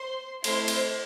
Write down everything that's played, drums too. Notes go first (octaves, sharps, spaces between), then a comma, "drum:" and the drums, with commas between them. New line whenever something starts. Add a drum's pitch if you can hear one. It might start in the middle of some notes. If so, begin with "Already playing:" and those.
Already playing: C5 C6
A3 C4 E4 C5 C6, drum: cymbal
drum: cymbal